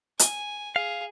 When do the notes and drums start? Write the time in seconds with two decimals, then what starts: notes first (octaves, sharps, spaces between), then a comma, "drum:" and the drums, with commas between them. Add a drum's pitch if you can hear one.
0.19 G#5, drum: hi-hat
0.76 G#4 F5